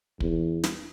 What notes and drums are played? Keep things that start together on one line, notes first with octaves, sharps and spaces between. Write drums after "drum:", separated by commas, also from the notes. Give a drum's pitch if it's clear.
E2, drum: kick
drum: snare